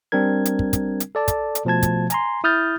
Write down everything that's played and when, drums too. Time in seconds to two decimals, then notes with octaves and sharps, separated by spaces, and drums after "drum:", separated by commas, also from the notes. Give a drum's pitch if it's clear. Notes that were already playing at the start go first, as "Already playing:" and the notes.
0.12 G3 C4 D4 A#4 G#6
0.45 drum: hi-hat
0.59 drum: kick
0.73 drum: kick, hi-hat
1.00 drum: hi-hat
1.15 A4 D5 A5
1.28 drum: kick, hi-hat
1.55 drum: hi-hat
1.65 B2 F3 A3 A5 G#6
1.83 drum: kick, hi-hat
2.10 G#5 A#5 C6, drum: hi-hat
2.44 E4 D#6 F6 G6 A6